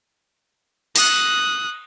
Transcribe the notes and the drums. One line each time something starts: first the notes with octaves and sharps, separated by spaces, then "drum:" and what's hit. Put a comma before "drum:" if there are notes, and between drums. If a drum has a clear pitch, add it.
D#6 F#6, drum: cymbal